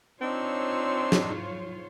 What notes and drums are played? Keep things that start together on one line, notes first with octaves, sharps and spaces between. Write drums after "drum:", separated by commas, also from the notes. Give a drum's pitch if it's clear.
C4 D4 D#4 F4 C5 C#5 E6
drum: snare